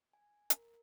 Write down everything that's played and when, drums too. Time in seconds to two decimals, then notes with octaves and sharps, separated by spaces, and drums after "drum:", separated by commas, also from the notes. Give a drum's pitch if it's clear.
0.13 G#5
0.50 A#4, drum: hi-hat